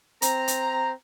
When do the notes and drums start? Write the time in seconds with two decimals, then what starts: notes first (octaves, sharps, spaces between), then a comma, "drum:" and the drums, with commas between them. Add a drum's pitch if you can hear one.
0.22 C4 A#5, drum: hi-hat
0.48 drum: hi-hat